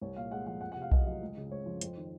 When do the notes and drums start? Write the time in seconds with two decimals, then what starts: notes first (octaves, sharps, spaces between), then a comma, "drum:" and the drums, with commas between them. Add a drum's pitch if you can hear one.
0.01 C2 C#5
0.16 A#2 F5
0.31 G#3 F#5
0.46 F3 F#5
0.61 F2 F#5
0.72 F#5
0.76 C3
0.82 F5
0.92 F2 D#5, drum: kick B1
1.06 F#3 D#5
1.22 C#2
1.37 C#3
1.51 G#3 C#5
1.66 F3
1.81 F2 C5, drum: hi-hat
1.97 D#3